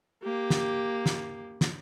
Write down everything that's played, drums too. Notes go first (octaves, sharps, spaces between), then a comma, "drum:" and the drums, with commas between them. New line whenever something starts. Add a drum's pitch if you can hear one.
A#3 G4
drum: snare
drum: snare
drum: snare